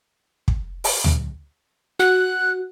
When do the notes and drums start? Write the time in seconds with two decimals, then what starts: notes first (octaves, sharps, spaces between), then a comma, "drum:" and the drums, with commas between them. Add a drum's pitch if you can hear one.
0.48 drum: kick
0.84 drum: open hi-hat
1.04 drum: tom D2
1.99 F#4 F#6